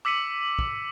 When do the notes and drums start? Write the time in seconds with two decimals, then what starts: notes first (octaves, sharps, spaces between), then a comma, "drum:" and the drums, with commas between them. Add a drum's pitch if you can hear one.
0.05 D6 E6 B6 C#7 D#7 F#7
0.59 drum: kick